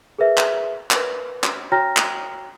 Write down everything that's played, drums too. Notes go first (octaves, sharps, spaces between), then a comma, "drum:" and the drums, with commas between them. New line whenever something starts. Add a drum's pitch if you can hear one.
G#4 A#4 B4 E5
drum: clap
A#4 B4, drum: clap
drum: clap
F#4 C#5 G5 A#5 F6 A#6
drum: clap